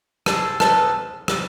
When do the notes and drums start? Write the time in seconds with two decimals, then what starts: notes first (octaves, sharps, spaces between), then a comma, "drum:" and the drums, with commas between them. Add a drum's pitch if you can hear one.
0.26 C4 D#4 G#4 A4, drum: rim click
0.60 C4 D#4 G#4 A4 B4, drum: rim click
1.28 drum: rim click